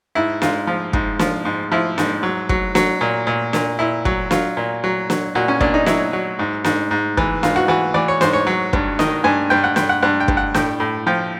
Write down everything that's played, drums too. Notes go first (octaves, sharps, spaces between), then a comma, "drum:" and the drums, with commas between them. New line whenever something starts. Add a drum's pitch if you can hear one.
G#2 E4
G#2 F4, drum: snare
F3
G#2, drum: kick
F3, drum: snare
G#2
F3 E4
G#2, drum: snare
F#3
F#3, drum: kick
F#3, drum: snare
A#2
A#2
A#2, drum: snare
A#2 E4
F#3, drum: kick
F#3 F4, drum: snare
A#2
F#3
F#3, drum: snare
A#2 F#4
C#4
A#2 D4, drum: kick
D#4
F#3 E4, drum: snare
F#3
G#2
G#2, drum: snare
G#2
E3, drum: kick
G#2 F4, drum: snare
F#4
E3 F#4
E3 D5
C#5
G#2 C5, drum: snare
C#5
F#3
G2, drum: kick
D#3 D#5, drum: snare
G2 G#5
G2 G5
F#5
G2 G5, drum: snare
F#5
G2 F#5
G5
G2, drum: kick
F#5
A2 G5, drum: snare
A2
F3 G5